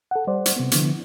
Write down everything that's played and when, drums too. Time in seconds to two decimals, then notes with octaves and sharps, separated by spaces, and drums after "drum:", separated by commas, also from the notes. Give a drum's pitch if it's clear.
0.11 A4 F#5
0.27 G3 C5 D5
0.46 drum: hi-hat
0.56 C3 B3
0.71 D3 F3 B3 E4, drum: hi-hat